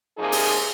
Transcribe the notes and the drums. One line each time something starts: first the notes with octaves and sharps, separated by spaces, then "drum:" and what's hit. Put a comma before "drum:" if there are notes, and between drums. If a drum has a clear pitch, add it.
C3 F3 A#3 D#4 G#4
drum: open hi-hat